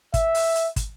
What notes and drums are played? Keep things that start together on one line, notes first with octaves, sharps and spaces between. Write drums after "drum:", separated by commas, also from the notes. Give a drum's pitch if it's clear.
E5, drum: kick, hi-hat
drum: open hi-hat
drum: hi-hat
drum: kick, hi-hat